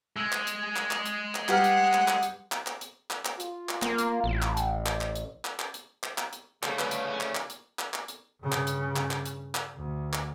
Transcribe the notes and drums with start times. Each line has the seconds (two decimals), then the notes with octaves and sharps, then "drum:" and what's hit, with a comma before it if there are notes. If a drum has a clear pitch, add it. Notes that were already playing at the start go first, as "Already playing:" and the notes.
0.16 G#3 E6
0.32 drum: clap
0.47 drum: hi-hat
0.76 drum: clap
0.91 drum: clap
1.06 drum: hi-hat
1.35 drum: clap
1.49 G3 G4 B4 F#5 F6, drum: clap
1.64 drum: hi-hat
1.93 drum: clap
2.08 drum: clap
2.23 drum: hi-hat
2.52 drum: clap
2.67 drum: clap
2.81 drum: hi-hat
3.11 drum: clap
3.25 drum: clap
3.40 F4, drum: hi-hat
3.69 drum: clap
3.82 A#3, drum: clap
3.98 drum: hi-hat
4.24 A1
4.42 drum: clap
4.57 drum: hi-hat
4.86 drum: clap
5.01 drum: clap
5.16 drum: hi-hat
5.45 drum: clap
5.59 drum: clap
5.74 drum: hi-hat
6.03 drum: clap
6.18 drum: clap
6.33 drum: hi-hat
6.63 C#3 G3 A3 C#5 D5 F5, drum: clap
6.79 F3 G3 B4, drum: clap
6.91 drum: hi-hat
7.08 C#4
7.21 drum: clap
7.35 drum: clap
7.50 drum: hi-hat
7.79 drum: clap
7.94 drum: clap
8.08 drum: hi-hat
8.42 G2 C#3
8.52 drum: clap
8.67 drum: hi-hat
8.96 drum: clap
9.11 drum: clap
9.25 drum: hi-hat
9.55 drum: clap
9.77 D2
10.13 drum: clap